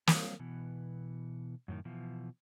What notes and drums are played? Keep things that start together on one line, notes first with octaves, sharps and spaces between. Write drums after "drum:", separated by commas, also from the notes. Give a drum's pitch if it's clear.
F#3 G3 C4 C5 C#5 F5, drum: snare
B2 E3 B3
F#2 A2 D3 D#3
B2 E3 F3